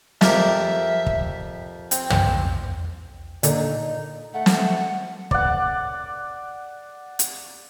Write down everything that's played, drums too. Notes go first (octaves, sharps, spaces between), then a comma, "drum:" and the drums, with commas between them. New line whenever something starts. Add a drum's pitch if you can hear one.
F2 G4 A#4 E5, drum: snare
drum: kick
C4, drum: hi-hat
drum: tom
A#2 D3 D#4, drum: hi-hat
A3 F#5
drum: snare
D5 F#5, drum: kick
drum: hi-hat